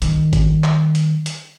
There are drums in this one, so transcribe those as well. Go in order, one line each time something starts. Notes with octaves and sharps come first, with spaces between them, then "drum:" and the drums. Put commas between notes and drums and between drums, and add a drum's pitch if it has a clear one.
D#3 G3, drum: hi-hat
drum: kick, hi-hat
drum: clap
drum: hi-hat
drum: hi-hat